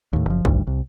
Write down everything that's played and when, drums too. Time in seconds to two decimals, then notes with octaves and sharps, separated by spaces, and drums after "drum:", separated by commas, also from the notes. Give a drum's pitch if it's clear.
0.13 D#2 A2
0.26 F#1 F3
0.45 G#1 D2 G2, drum: kick
0.67 C2